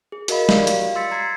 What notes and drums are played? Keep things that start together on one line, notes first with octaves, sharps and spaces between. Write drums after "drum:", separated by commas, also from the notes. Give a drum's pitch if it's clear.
G#4
F#4 A#4 D#5 F5 B5, drum: hi-hat
F4 G4 D5 F5, drum: snare
F5, drum: hi-hat
C6 E6 A6 B6 C#7
A#5 G#6 C7